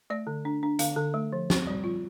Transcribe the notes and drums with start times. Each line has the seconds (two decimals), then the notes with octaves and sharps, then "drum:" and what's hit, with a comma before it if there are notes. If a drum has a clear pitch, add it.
0.10 A3 D5
0.27 D3
0.45 D4
0.63 D4
0.79 D3 F5, drum: hi-hat
0.96 D3
1.14 A3
1.33 F3
1.50 C4, drum: snare
1.67 G3
1.84 F4